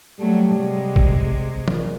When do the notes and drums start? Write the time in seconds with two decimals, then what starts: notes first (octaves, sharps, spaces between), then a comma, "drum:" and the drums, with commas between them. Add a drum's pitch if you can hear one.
0.20 F#3 G3 A3
0.57 C3 G#3
0.96 drum: kick
1.68 A#2, drum: tom E3